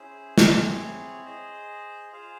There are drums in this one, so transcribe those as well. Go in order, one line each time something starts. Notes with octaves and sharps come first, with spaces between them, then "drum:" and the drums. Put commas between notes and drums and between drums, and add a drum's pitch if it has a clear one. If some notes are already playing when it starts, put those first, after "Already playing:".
Already playing: C#4 E4 G#4 C5
C4 E4 G#4 C#5, drum: snare
G#4 C5 D#5
F4 G#4 C5 F5